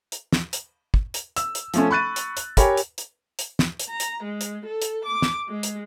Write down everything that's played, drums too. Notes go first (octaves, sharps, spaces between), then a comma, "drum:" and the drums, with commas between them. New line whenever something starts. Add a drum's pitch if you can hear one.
drum: hi-hat
drum: snare
drum: hi-hat
drum: kick
drum: hi-hat
E6, drum: hi-hat
drum: hi-hat
F3 A3 C#4, drum: hi-hat
B5 C#6 F#6 A6 D#7
drum: hi-hat
drum: hi-hat
G4 A#4 C#5 G5 G#5 B5, drum: kick, hi-hat
drum: hi-hat
drum: hi-hat
drum: hi-hat
drum: snare
drum: hi-hat
A#5
drum: hi-hat
G#3
drum: hi-hat
A4
drum: hi-hat
D6
drum: snare
G#3
drum: hi-hat